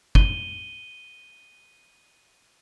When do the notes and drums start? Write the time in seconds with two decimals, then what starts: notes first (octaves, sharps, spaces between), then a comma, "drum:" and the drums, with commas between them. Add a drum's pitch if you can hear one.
0.15 D#7 G7, drum: kick